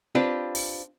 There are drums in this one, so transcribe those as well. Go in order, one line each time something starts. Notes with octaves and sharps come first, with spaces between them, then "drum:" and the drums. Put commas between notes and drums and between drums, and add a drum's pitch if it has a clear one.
C4 D4 F4 G4 B4
drum: open hi-hat